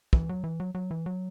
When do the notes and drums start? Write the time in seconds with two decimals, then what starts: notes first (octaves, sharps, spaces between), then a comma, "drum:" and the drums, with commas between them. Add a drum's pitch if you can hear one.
0.13 E3, drum: kick
0.29 F#3
0.44 E3
0.60 F#3
0.75 F#3
0.91 E3
1.06 F#3